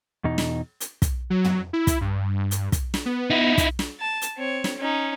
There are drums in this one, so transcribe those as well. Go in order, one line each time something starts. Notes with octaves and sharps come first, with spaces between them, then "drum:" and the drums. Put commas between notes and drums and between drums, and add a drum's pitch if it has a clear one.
E2 B2 D#4
drum: snare
drum: hi-hat
drum: kick, hi-hat
F#3
drum: tom
E4
drum: kick, hi-hat
G2
drum: hi-hat
drum: kick, hi-hat
drum: snare
B3
D#4 E4
drum: kick, hi-hat
drum: snare
A5
drum: hi-hat
C4 C#5
drum: snare
C#4 D#4